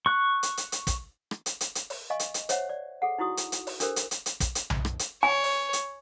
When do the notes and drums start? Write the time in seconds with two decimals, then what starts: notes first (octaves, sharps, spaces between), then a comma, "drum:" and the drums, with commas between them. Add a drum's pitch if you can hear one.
0.06 C#6 F#6
0.43 drum: hi-hat
0.57 drum: hi-hat
0.72 drum: hi-hat
0.87 drum: kick, hi-hat
1.31 drum: rim click
1.46 drum: hi-hat
1.61 drum: hi-hat
1.75 drum: hi-hat
1.90 drum: open hi-hat
2.10 D#5 F5 G#5 C#6
2.19 drum: hi-hat
2.34 drum: hi-hat
2.49 C5 C#5 E5 F#5, drum: hi-hat
2.69 D5
3.02 G#4 A4 F#5
3.18 D#4 E4 F#4 C#6 D#6
3.37 drum: hi-hat
3.52 drum: hi-hat
3.67 drum: open hi-hat
3.80 D4 G4 A4 A#4 C5, drum: hi-hat
3.96 drum: hi-hat
4.11 drum: hi-hat
4.26 drum: hi-hat
4.40 drum: kick, hi-hat
4.55 drum: hi-hat
4.70 drum: tom B1
4.85 drum: rim click
4.99 drum: hi-hat
5.23 C#5 G#5
5.44 drum: open hi-hat
5.73 drum: hi-hat